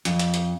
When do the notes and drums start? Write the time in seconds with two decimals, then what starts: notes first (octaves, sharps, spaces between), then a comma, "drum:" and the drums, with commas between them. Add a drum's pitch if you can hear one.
0.05 F2, drum: hi-hat
0.19 drum: hi-hat
0.34 drum: hi-hat